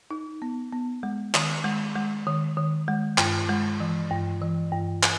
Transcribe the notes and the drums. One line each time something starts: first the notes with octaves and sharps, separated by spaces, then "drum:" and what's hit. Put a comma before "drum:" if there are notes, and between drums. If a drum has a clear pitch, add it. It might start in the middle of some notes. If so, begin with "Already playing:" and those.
D#4
B3
B3
G#3
D#3, drum: clap
G#3
G#3
D#3
D#3
G#3
G2, drum: clap
G#3
E3
G2
E3
G2
drum: clap